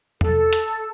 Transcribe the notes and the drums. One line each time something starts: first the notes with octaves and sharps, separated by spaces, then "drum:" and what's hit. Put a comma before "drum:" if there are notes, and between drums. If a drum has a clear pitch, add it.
A4, drum: tom E2
drum: hi-hat